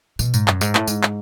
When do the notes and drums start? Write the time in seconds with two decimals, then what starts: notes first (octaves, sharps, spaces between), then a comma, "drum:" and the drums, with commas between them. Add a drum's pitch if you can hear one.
0.19 B2, drum: tambourine
0.34 G#2, drum: tambourine
0.48 F#2, drum: clap
0.61 G#2, drum: tambourine
0.75 A2, drum: clap
0.88 G#2, drum: tambourine
1.03 drum: clap